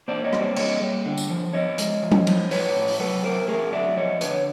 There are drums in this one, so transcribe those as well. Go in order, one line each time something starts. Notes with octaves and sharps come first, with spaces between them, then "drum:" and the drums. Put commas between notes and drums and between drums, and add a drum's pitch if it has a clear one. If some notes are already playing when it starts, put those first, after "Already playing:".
A#3 C5 D5
C#5 D#5
G3, drum: rim click
C5 D5
A#3 C#5 D#5, drum: cymbal
G3
D3
drum: tambourine
F3
F3 C#5 D#5
G#3, drum: hi-hat
F3
drum: tom F#3
F3, drum: cymbal
A2 B4 C#5, drum: open hi-hat
A2
drum: open hi-hat
F#3 A4 B4
A3 A#4 C5
A3 G#4 A#4
F#3 D5 E5
F3 C#5 D#5
D3 B4 C#5, drum: hi-hat